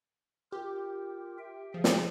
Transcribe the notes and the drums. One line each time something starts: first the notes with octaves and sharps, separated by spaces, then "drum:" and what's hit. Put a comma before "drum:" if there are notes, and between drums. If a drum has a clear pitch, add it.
F4 G4 A#4
E5 G5
C#3 F3 G#4
drum: snare